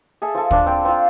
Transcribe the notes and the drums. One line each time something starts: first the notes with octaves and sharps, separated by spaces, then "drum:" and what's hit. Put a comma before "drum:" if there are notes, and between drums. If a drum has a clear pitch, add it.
G#4 A4 E5
F3 A4
F3 D4, drum: kick
C4 G5 C6
C4 F4